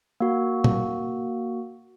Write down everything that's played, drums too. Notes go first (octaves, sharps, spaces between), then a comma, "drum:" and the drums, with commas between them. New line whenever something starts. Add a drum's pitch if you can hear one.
A#3 F#4
drum: tom